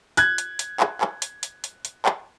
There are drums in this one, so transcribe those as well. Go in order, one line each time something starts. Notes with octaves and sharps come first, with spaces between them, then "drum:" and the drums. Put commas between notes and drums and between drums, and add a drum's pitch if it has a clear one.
F#6 G#6, drum: hi-hat
drum: hi-hat
drum: hi-hat
drum: clap
drum: clap
drum: hi-hat
drum: hi-hat
drum: hi-hat
drum: hi-hat
drum: clap